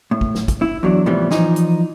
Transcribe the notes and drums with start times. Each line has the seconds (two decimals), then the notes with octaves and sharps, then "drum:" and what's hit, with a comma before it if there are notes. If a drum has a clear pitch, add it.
0.11 A2
0.21 drum: kick
0.35 drum: snare
0.48 drum: kick, hi-hat
0.62 E4
0.83 E2 F#3 D4
1.06 A2 C3 E3 F3 G3 B3
1.30 E3 F3 D#4, drum: snare
1.56 drum: hi-hat